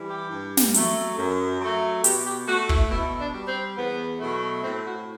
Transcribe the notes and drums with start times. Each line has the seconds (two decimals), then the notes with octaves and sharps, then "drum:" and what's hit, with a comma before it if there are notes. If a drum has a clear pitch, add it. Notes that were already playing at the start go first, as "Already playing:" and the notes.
Already playing: E3 G3
0.10 G4
0.31 G2
0.57 drum: snare
0.74 F#3 A3, drum: hi-hat
1.18 F#2
1.61 F#3 A3
2.04 B2 G4, drum: hi-hat
2.26 G4
2.47 A3 F#4
2.69 E4, drum: kick
2.91 B2 E4
3.20 D4
3.34 G3
3.48 C4
3.77 E2 B3
4.20 B2 F#3 A3
4.64 A2 C4
4.85 F#4